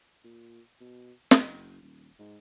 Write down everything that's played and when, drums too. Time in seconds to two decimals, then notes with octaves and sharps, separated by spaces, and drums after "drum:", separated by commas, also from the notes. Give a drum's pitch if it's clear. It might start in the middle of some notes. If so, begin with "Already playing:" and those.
0.24 A#2
0.81 B2
1.31 F#1, drum: snare
1.82 D#1
2.19 G#2